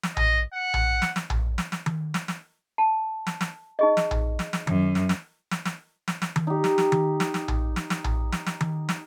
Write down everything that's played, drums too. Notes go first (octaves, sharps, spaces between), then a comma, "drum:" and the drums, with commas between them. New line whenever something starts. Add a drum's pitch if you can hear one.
drum: snare
D#5, drum: tom A#1
F#5
drum: tom A#1
drum: snare
drum: snare
drum: tom A#1
drum: snare
drum: snare
drum: tom D#3
drum: snare
drum: snare
A5
drum: snare
drum: snare
D#4 G#4 D#5
drum: snare
drum: tom A#1
drum: snare
drum: snare
F#2, drum: tom D#3
drum: snare
drum: snare
drum: snare
drum: snare
drum: snare
drum: snare
drum: tom D#3
D#4 G4
drum: snare
drum: snare
drum: tom D#3
drum: snare
drum: snare
drum: tom A#1
drum: snare
drum: snare
drum: tom A#1
drum: snare
drum: snare
drum: tom D#3
drum: snare